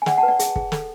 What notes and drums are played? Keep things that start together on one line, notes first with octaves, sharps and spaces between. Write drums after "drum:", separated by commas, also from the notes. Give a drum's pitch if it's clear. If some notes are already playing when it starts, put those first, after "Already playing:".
G#5
G#4 D5 F#5, drum: snare
F#5 A5
B4
D5 F#5
G#4, drum: hi-hat
G#4, drum: kick
A4, drum: snare